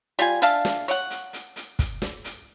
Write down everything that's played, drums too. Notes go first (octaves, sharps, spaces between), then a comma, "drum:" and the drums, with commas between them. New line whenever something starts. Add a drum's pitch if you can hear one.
G3 F4 G#5
D4 E5 F5 A5, drum: hi-hat
drum: snare
C#5 F#5, drum: hi-hat
drum: hi-hat
drum: hi-hat
drum: hi-hat
drum: kick, hi-hat
drum: snare
drum: hi-hat